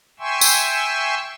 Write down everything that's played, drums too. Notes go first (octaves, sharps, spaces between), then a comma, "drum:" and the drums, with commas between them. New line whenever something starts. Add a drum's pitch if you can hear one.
E5 G5 G#5 C6 C#6 E6
drum: tambourine